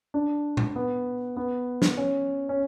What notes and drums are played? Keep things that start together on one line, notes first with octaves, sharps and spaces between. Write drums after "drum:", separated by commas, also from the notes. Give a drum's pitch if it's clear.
D4
drum: tom A#2
B3
B3
drum: snare
C#4
C#4